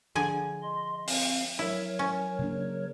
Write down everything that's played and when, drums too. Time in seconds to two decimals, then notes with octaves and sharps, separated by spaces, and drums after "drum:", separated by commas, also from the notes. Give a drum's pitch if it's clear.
0.15 D3 F3 G#4 G#5
0.62 D#5 C6
1.07 C4 F5, drum: open hi-hat
1.59 F#3 E4 A#4 C#5
1.99 C#4
2.39 C#3 A#3 D4